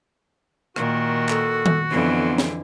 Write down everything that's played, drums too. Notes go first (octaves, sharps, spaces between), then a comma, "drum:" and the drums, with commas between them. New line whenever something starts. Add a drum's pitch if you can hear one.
A#2 D#3 F#4, drum: rim click
A4, drum: clap
drum: tom D#3
F2 D3 E3 B3
drum: snare